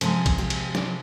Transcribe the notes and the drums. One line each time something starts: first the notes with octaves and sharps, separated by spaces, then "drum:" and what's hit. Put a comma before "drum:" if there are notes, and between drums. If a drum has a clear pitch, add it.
C3 F3 G#3 G#4, drum: cymbal
drum: kick, cymbal
G4
drum: cymbal
D5, drum: snare